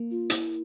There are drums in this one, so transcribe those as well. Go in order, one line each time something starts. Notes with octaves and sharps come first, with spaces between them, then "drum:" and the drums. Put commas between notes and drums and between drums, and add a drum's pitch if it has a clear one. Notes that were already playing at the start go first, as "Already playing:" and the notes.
Already playing: A#3
F4
E4, drum: hi-hat